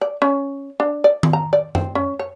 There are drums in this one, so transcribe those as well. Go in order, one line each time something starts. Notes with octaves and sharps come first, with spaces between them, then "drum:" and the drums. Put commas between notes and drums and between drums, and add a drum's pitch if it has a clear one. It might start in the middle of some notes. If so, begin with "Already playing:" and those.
D5
C#4
D4
D5
drum: tom D#3
A#5
D5
C4, drum: tom F#2
C#4
C#5